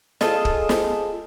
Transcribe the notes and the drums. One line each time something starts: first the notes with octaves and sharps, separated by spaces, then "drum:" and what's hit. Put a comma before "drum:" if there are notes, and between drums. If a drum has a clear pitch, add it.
F4 G#4 A4 D#5, drum: snare
drum: kick
drum: snare